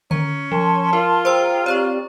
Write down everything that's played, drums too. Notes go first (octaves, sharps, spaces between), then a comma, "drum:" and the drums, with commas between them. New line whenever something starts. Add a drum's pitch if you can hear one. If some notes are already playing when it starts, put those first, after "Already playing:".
C#4 A#5, drum: tom D3
F3 A5 C6
F4 A#4
G#4 C5 G5 A#5 C6 E6
C4 G4 C#5 D5 A#5 C#6